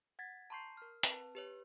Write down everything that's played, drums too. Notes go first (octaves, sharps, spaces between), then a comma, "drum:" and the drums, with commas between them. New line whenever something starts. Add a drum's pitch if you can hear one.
F#5 G#6 A6 B6
A5 A#5 C6 C#6 G6 C7
A#4 F6
C4 B4 A5, drum: hi-hat
G4 B4 C#5